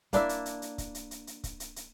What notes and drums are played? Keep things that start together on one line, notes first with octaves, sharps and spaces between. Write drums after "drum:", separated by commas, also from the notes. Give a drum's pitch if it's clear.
A#3 D4 E4 E5, drum: kick C#1, hi-hat
drum: hi-hat
drum: hi-hat
drum: hi-hat
drum: kick C#1, hi-hat
drum: hi-hat
drum: hi-hat
drum: hi-hat
drum: kick C#1, hi-hat
drum: hi-hat
drum: hi-hat